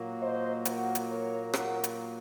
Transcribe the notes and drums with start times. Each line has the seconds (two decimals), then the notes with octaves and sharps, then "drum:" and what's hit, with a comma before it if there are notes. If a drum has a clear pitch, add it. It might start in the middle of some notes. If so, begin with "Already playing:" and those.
Already playing: A#2 F#3 A#3
0.21 C5 D#5
0.65 F#4 A#4, drum: hi-hat
0.95 drum: hi-hat
1.10 A#4 C#5
1.54 F#4 A#4, drum: rim click
1.84 drum: hi-hat